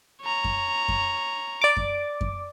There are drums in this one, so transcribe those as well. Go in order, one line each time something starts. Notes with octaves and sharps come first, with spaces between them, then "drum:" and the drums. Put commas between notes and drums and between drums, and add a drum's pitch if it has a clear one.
C#5 A#5
drum: kick F#2
drum: kick F#2
D5 D6
drum: kick F#2
drum: kick F#2